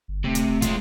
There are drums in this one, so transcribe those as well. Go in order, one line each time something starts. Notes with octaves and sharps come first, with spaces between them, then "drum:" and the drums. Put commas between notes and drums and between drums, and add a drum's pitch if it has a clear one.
G1
D1 C3 A3
drum: hi-hat
E1
G#3 F4, drum: kick, hi-hat